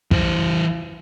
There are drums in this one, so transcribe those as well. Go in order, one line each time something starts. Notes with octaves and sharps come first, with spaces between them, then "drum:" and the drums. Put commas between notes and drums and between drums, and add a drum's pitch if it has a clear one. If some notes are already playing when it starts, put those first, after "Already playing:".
E3 C5, drum: kick